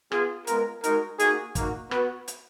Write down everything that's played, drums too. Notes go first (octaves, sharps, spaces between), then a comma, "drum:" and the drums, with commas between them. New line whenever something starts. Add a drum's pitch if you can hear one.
B3 F4 G#4, drum: rim click
G#3 B3 F4 A#4, drum: hi-hat
G#3 D#4 F#4 A#4, drum: hi-hat
A#3 D#4 F#4 G#4, drum: hi-hat
A#3 D#4 F#4, drum: kick, hi-hat
B3 F#4 B4, drum: rim click
drum: hi-hat